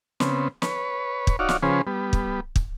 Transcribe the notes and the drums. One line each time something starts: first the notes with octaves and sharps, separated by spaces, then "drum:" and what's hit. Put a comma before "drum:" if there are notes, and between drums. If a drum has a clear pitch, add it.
C#3 B3 C4, drum: snare
B4 C#5, drum: snare
drum: kick
D#4 F#4 C#5 D5 F5
drum: snare
C#3 F3 C#4 G#4 B4 C5
G3 B3
drum: kick
drum: kick